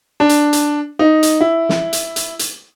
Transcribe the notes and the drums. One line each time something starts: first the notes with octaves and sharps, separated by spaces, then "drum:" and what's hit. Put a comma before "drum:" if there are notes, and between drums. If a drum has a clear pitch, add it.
D4
drum: hi-hat
drum: hi-hat
D#4
drum: hi-hat
E4
drum: snare
drum: hi-hat
drum: hi-hat
drum: hi-hat